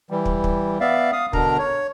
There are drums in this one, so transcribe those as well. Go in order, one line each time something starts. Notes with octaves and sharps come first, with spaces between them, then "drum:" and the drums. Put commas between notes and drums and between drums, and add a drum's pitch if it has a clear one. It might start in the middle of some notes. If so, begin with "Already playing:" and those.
E3 G3
drum: kick
drum: kick
B3 D5 E5 F5
F5 D#6
B2 D3 D4 A#4 A#5, drum: kick
C#5